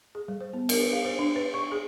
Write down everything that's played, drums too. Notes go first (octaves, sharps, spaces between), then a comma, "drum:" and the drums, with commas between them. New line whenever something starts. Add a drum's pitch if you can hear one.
G#4
G3
C5
B3
A#4, drum: cymbal
B4
F5
C5
D4
B4
C#6
G#4